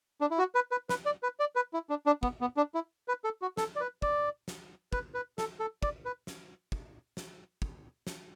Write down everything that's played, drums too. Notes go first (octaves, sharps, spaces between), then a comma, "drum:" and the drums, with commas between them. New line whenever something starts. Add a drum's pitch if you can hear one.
D4
E4
F#4
B4
B4
B4, drum: snare
D5
B4
D5
B4
E4
D4
D4
B3, drum: kick
B3
D4
E4
B4
A4
F#4
A4, drum: snare
D5
B4
D5, drum: kick
drum: snare
B4, drum: kick
B4
A4, drum: snare
A4
D5, drum: kick
B4
drum: snare
drum: kick
drum: snare
drum: kick
drum: snare